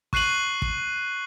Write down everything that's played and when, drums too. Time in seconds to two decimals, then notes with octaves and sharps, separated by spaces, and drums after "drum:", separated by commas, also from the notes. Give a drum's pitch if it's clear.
0.13 C#6 F#6 C7 D#7 F#7, drum: kick
0.62 drum: kick